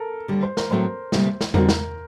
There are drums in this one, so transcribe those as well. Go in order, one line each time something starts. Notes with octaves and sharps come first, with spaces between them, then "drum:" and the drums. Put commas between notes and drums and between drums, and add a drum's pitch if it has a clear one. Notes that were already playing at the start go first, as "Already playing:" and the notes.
Already playing: A4 A#4
D#2 D3 G3
C5
A#4, drum: snare
A2 F#3 A3 C4 C5
D2 C3 G3 A#3, drum: snare
drum: snare
D3 G3 C4 D#4 F#4 A#4, drum: tom E2
drum: snare